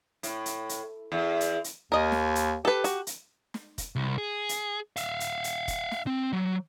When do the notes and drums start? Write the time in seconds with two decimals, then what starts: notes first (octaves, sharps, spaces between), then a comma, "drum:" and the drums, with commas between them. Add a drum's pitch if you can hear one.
0.23 A2, drum: hi-hat
0.46 drum: hi-hat
0.69 drum: hi-hat
1.12 E2
1.41 drum: hi-hat
1.64 drum: hi-hat
1.92 D#2 A#4 D#5
2.12 drum: snare
2.35 drum: hi-hat
2.65 G4 A4 B4
2.84 F#4, drum: hi-hat
3.07 drum: hi-hat
3.54 drum: snare
3.78 drum: kick, hi-hat
3.96 C2
4.18 G#4
4.49 drum: hi-hat
4.97 E5 F5, drum: hi-hat
5.20 drum: hi-hat
5.44 drum: hi-hat
5.68 drum: kick, hi-hat
5.91 drum: snare
6.07 C4
6.33 F#3